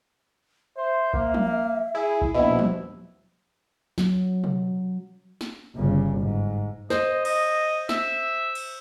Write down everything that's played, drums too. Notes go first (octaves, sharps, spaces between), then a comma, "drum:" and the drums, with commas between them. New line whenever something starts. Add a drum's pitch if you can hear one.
C5 E5
A#3, drum: kick A#1
drum: tom F3
E4 G#4
drum: kick A#1
A#1 D#2 B2 E4 C5
drum: tom F3
F#3, drum: snare
drum: tom B2
drum: snare
G1 C#3
G#2
C5 D#5, drum: snare
D#5, drum: cymbal
E5, drum: snare
drum: cymbal